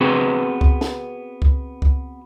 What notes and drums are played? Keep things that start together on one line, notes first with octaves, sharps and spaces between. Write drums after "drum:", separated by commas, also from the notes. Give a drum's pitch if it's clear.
B3 C4 F#4 G#4 B4
drum: kick C#2
drum: snare
drum: kick C#2
drum: kick C#2